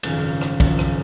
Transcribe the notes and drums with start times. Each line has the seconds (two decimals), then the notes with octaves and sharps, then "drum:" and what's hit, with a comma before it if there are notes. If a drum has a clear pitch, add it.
0.03 G#1 F#2 C#3 F3, drum: cymbal
0.41 drum: rim click
0.60 G#1 F#2 C#3 F3, drum: kick, cymbal
0.79 drum: rim click